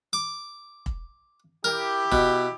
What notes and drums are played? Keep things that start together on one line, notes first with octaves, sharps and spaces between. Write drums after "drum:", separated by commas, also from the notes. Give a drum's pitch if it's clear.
D6
drum: kick
E4 G4 A#4
B2, drum: kick